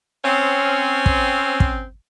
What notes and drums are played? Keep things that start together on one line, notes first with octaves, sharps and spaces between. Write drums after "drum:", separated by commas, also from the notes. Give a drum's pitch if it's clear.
C4 C#4
drum: kick
drum: kick